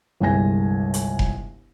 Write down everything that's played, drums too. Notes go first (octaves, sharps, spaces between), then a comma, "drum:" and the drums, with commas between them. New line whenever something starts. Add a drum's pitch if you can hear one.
G1 C2 G#3 G#5 A#6
drum: hi-hat
drum: kick F1